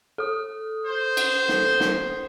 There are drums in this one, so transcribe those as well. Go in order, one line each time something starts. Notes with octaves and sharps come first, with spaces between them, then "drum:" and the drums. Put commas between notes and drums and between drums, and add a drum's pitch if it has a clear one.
A4 D#6
C5
drum: cymbal
drum: snare
drum: snare